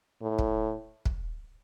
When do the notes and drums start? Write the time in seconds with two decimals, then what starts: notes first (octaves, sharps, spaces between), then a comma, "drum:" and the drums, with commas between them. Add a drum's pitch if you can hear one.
0.22 A2
0.39 drum: kick
1.06 drum: kick